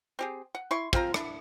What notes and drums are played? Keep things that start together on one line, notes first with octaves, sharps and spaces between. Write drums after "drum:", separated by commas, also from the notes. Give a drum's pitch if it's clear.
C4 G4 G#4
F#5
E4 C6 C#6
F3 C4 F4 A#5, drum: kick
D4 E4, drum: rim click